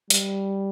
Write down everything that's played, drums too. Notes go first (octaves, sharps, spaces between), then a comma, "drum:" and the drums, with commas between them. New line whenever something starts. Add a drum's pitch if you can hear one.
G3, drum: hi-hat